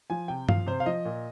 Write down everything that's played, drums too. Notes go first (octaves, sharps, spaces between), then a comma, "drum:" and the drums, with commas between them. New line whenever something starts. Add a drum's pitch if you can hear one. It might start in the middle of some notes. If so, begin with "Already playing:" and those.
F3 G#5
C3 G5
F3 F5, drum: tom G2
C3 C5
F5
F3 D#5
A#2